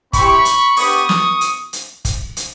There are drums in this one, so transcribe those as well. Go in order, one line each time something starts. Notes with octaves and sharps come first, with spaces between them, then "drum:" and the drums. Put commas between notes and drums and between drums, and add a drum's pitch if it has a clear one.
C4 E4 G4 B5 C#6, drum: kick, hi-hat
drum: hi-hat
B3 D4 G4 C#6 D#6, drum: open hi-hat
drum: snare
drum: hi-hat
drum: hi-hat
drum: kick, hi-hat
drum: hi-hat